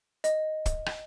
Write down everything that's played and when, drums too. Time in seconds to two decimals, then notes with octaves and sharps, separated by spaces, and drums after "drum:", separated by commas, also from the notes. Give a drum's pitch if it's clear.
0.24 D#5, drum: hi-hat
0.66 drum: kick, hi-hat
0.86 drum: rim click